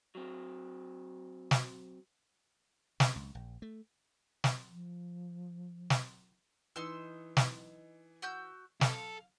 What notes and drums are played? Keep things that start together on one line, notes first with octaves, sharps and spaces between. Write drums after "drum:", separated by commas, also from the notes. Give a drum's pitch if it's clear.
F#3 C4
drum: snare
C#3, drum: snare
C#2
A#1
A3
drum: snare
F3
drum: snare
E3 D#4 C6 E6
drum: snare
F#4 E6 G6
A4 F5, drum: snare